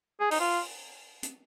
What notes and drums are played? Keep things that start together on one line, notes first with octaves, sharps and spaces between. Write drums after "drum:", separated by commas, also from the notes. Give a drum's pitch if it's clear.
G#4
D#4, drum: open hi-hat
F4
drum: hi-hat